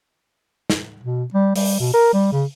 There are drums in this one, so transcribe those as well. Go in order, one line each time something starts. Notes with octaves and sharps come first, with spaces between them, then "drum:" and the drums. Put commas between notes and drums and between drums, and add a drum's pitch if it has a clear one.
drum: snare
B2
G3
G3, drum: open hi-hat
B2
A#4
G3
C#3